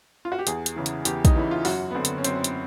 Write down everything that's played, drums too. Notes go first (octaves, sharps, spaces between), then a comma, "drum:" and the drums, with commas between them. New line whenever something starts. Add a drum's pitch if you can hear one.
F4
F#4
G4
E2 G#4, drum: hi-hat
drum: hi-hat
C#3 E3
drum: hi-hat
E2 G4, drum: hi-hat
D#4, drum: kick, hi-hat
C#3 E3 E4
F4
F#2 F#4, drum: open hi-hat
B3
D3 C4
drum: hi-hat
C#4
F#2 C4, drum: hi-hat
drum: hi-hat